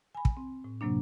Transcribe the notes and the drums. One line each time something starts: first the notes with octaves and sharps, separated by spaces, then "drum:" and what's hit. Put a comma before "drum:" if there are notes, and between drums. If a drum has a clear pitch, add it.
G#5 B5
drum: kick
C4
A2
F#2 A2 C3 F#3 A#3 D4